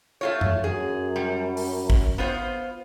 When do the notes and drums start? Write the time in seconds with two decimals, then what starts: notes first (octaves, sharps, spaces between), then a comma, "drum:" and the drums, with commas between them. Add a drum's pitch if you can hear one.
0.21 A3 F4 C#5
0.41 drum: tom F#2
0.64 F#2 G#4
1.16 G3
1.57 drum: open hi-hat
1.90 drum: kick G#1
2.18 B3 F4 C5